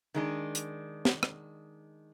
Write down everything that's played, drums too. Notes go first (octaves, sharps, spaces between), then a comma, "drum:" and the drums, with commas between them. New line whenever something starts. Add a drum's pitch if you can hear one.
D#3 G#3 D4
drum: hi-hat
drum: snare
drum: rim click